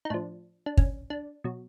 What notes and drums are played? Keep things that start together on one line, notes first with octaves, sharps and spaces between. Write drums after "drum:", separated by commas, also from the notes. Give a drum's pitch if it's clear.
D#4
A2 F3 D4
D4
C#4, drum: kick
D4
B2 F#3